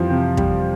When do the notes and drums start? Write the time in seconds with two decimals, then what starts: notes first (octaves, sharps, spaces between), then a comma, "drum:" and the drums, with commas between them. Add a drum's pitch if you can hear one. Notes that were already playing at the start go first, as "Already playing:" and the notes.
Already playing: F2 E3 F3 G3
0.10 C3
0.37 G3, drum: kick